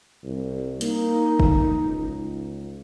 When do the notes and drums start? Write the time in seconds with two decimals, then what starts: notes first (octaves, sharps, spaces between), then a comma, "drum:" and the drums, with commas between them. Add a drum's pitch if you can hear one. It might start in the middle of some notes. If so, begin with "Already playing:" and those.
0.24 C2
0.81 A#3 D#4, drum: hi-hat
1.39 drum: kick
1.85 C#2